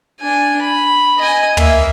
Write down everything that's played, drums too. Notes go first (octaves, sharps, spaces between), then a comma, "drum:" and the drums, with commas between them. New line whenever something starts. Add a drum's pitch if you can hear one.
D4 G#5
B5
D#5 G#5
A#3 E5, drum: tom